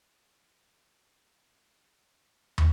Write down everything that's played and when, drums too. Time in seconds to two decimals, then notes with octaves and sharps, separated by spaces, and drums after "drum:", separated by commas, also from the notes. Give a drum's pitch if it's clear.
1.01 C#4 G4
1.51 C3 B4
1.87 C4
2.58 drum: tom